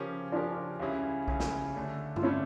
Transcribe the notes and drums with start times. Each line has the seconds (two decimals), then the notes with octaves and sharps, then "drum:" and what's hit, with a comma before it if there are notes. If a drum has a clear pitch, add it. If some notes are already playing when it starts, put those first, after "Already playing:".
Already playing: C#3 F3 C#4 G4 A#4
0.32 C#3 F3 C#4 D4 F4 G4 A#4
0.80 C#2 C#3 G3 C#4 E4
1.28 C#2 C#3 G3 C#4 E4, drum: kick B1
1.40 drum: snare
1.75 D3 A3 D4
2.16 F4, drum: tom G2
2.22 D3 A3 C#4 D4 E4